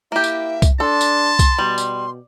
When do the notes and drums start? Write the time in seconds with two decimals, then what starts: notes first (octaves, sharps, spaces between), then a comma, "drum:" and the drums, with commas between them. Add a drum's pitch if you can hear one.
0.12 A#3 E4 G4 E5
0.24 drum: tambourine
0.62 drum: kick C2, tambourine
0.80 D4 A4 A5 C6
1.01 drum: tambourine
1.39 drum: kick C2, tambourine
1.58 B2 G3
1.78 drum: tambourine